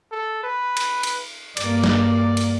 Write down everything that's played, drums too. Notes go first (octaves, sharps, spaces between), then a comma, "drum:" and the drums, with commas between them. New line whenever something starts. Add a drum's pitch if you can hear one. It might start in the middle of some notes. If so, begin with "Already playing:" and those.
A4
B4
drum: cymbal
drum: cymbal
G2 A#3 D5, drum: cymbal
drum: snare
drum: cymbal